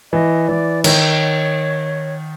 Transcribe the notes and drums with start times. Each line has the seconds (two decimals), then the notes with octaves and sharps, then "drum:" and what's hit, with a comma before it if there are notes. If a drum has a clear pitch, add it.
0.12 E3 D#5
0.48 E3 D5
0.84 D#3 C#5, drum: cymbal